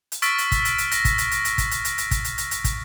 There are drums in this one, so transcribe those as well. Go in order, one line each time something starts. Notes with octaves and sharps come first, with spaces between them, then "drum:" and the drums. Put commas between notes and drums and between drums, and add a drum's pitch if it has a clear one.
drum: hi-hat
C#6 E6 F6 A6 B6 D7, drum: hi-hat
drum: hi-hat
drum: kick, hi-hat
drum: hi-hat
drum: hi-hat
A#6, drum: hi-hat
drum: kick, hi-hat
drum: hi-hat
drum: hi-hat
drum: hi-hat
drum: kick, hi-hat
drum: hi-hat
drum: hi-hat
drum: hi-hat
drum: kick, hi-hat
drum: hi-hat
drum: hi-hat
drum: hi-hat
drum: kick, hi-hat